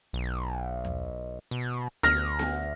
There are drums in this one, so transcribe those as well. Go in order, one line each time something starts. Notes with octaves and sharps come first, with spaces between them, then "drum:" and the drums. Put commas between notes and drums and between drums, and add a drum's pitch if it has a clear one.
B1
drum: tom D#2
B2
D2 F6 A#6, drum: snare B3
drum: snare B3